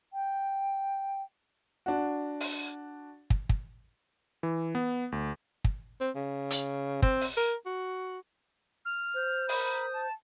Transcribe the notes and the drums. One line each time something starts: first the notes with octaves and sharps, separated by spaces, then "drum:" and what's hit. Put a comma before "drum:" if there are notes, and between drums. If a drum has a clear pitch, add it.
G5
D4 F#4
drum: open hi-hat
drum: kick
drum: kick
E3
B3
D2
drum: kick
C4
C#3
drum: hi-hat
C4, drum: kick
drum: open hi-hat
A#4
F#4
F6
C5
A#4 B5 D#6, drum: open hi-hat
A5